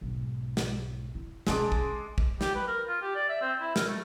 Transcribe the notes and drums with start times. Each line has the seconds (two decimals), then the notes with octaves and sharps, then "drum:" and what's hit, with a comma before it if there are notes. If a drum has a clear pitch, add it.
0.01 B1 G#2
0.57 drum: snare
1.15 E4
1.47 B2 G#3 C#4 A5 D6, drum: snare
1.72 drum: kick
2.18 drum: kick
2.41 G4, drum: snare
2.55 B4
2.68 A#4
2.88 F4
3.02 G4
3.15 D5
3.29 E5
3.42 C4
3.61 E4
3.76 A#4, drum: snare
3.87 A3